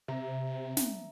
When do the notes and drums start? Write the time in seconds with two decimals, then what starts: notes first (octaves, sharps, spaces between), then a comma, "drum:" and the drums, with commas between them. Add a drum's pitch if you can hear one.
0.08 C3 E5 A#5
0.77 drum: snare